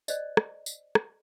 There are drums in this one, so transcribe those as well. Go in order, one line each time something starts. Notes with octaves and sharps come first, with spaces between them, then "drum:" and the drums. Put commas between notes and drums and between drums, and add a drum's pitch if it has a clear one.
C5 D5 D#5, drum: tambourine
drum: rim click
drum: tambourine
drum: rim click